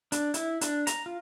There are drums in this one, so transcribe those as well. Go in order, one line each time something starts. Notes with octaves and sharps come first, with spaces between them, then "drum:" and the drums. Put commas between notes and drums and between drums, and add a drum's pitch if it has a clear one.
D4, drum: hi-hat
E4, drum: hi-hat
D4, drum: hi-hat
A#5, drum: hi-hat
F4